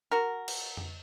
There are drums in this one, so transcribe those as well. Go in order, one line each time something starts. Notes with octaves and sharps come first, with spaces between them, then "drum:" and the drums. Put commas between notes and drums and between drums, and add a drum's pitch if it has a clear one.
F#4 A#4
drum: cymbal
drum: tom F2